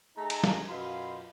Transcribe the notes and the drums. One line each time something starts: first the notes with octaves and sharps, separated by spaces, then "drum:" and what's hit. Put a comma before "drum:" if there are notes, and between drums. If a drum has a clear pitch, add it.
A3 D#4 G#4 A4 A#5
drum: cymbal
drum: snare
F#2 B2 F4 F5 B5 C6